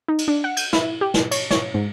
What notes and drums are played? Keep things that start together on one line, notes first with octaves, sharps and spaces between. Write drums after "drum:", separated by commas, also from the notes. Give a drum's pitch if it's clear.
D#4
drum: cymbal
D4
F#5
G6, drum: cymbal
E4, drum: snare
G4
drum: snare
C#5, drum: cymbal
C#5, drum: snare
G#2